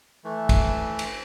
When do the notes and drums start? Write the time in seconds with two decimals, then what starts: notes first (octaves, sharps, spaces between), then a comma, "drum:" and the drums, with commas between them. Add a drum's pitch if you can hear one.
0.24 E3 A3
0.49 drum: kick, cymbal
0.99 drum: cymbal